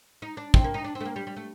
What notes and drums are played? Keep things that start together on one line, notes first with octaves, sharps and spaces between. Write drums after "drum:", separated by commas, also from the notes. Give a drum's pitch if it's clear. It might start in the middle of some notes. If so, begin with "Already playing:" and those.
D#4
D4
C4, drum: kick
A#3
D#4
D4
C4
A3
A#3
G3
G3
A3